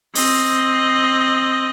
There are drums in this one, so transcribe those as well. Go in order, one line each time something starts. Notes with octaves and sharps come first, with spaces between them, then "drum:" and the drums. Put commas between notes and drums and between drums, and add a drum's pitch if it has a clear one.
C4 D#5, drum: open hi-hat